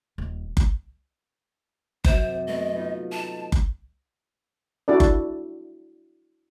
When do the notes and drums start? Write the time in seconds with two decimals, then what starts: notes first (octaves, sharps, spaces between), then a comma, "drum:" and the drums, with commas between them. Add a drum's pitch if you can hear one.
0.18 D#1
0.57 drum: kick F#1
2.04 F#2 C3 C5, drum: kick F#1
2.47 A3 B3 C4 D#5
2.74 B3 D#4 F4
3.12 D#5 A5
3.52 drum: kick F#1
4.88 D4 E4 F#4 A4 D5
5.00 drum: kick F#1